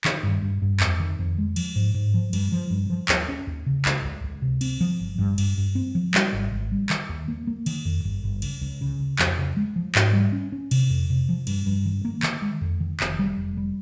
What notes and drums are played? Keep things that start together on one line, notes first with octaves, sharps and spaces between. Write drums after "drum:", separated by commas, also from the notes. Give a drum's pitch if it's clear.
D#3, drum: clap
G2
G2
G2
F2, drum: clap
D#3
F2
G#3
F3, drum: cymbal
G#2
G#2
F3
G2, drum: cymbal
F3
G2
F3
D#2, drum: clap
C#4
D#2
C#3
C#2, drum: clap
C#2
C#2
C3
C4, drum: cymbal
F3
G1
G2
G2, drum: cymbal
G2
C4
F3
G3, drum: clap
G#1
G#1
G3
D#3, drum: clap
D#2
A#3
A#3
D#3, drum: cymbal
F2
G1
G1
C#2, drum: cymbal
C#2
C#3
C#2
F2, drum: clap
C#3
G#3
F3
G#2, drum: clap
G3
C#4
C#4
C3, drum: cymbal
F2
C3
F3
G2, drum: cymbal
G2
D#3
A#3
D#3, drum: clap
G#3
F2
D#3
F1, drum: clap
G3
F1
G3